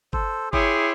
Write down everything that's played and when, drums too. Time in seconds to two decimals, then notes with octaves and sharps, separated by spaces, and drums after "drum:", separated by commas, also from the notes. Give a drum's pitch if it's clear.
0.13 A4 C5, drum: kick G1
0.53 E4 G#4 C#5 G5 C6 D6, drum: kick G1